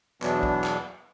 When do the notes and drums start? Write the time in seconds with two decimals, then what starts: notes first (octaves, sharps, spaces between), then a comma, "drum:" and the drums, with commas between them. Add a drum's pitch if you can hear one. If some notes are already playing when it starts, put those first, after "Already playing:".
0.22 E2 B2 E3 F#3 B3 D4, drum: clap
0.43 drum: kick
0.64 drum: clap